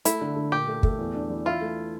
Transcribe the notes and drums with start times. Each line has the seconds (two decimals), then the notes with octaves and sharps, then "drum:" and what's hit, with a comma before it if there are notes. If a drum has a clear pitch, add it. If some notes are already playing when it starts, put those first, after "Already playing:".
0.05 A3 E4, drum: hi-hat
0.21 D3
0.36 D3
0.52 A#2 G4
0.68 A3
0.83 A3, drum: kick
0.99 E2
1.14 D4
1.30 E3
1.45 E4 F4
1.61 A3